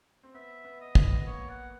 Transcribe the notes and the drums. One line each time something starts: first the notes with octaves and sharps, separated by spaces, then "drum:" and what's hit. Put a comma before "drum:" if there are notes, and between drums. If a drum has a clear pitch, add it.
C4
B3 E5
B3
D#5
B3, drum: kick
B3
A#3 C#5
F#5